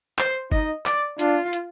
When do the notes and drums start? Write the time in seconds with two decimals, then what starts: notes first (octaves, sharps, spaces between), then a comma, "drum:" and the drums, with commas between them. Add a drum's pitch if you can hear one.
0.18 C5, drum: clap
0.52 D#4 D#5, drum: kick G1
0.86 D5, drum: clap
1.19 D4 F4, drum: hi-hat
1.53 drum: hi-hat